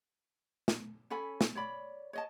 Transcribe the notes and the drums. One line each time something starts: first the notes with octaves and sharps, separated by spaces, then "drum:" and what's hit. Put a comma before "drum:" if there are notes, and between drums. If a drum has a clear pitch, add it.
drum: snare
C#4 A4 G#5 B5
drum: snare
C#5 D5 B5
C#5 D#5 A5